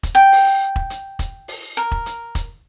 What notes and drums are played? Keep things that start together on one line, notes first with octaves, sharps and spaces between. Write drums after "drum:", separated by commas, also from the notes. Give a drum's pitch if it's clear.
drum: kick E1, hi-hat
G5
drum: open hi-hat
drum: kick E1
drum: hi-hat
drum: kick E1, hi-hat
drum: open hi-hat
A#4
drum: kick E1
drum: hi-hat
drum: kick E1, hi-hat